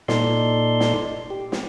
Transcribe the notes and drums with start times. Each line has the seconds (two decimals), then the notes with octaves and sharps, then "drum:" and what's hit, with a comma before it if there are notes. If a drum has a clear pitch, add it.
0.08 A#2 D#4 A4 D5 C6, drum: snare
0.80 drum: snare
1.30 G4
1.52 drum: snare